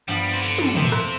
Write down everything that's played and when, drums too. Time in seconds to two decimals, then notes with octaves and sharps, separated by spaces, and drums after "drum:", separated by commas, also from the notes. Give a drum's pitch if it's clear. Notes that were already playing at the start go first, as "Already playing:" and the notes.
0.08 G2 F3 G3 B3, drum: hi-hat
0.32 C3
0.42 D3, drum: hi-hat
0.58 drum: tom
0.75 F2 C3 E3 A3 C4, drum: tom
0.92 drum: rim click